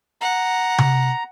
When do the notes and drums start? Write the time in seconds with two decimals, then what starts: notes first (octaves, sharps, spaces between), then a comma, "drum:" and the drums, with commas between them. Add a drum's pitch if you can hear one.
0.21 F#5 A#5
0.78 drum: tom C3